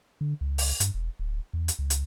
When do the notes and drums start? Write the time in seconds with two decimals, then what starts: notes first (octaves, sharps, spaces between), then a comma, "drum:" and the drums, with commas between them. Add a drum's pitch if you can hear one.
0.21 D3
0.41 C#2
0.58 drum: open hi-hat
0.80 G2, drum: hi-hat
0.94 E1
1.19 D1
1.53 E2
1.68 drum: hi-hat
1.79 C#2
1.90 drum: hi-hat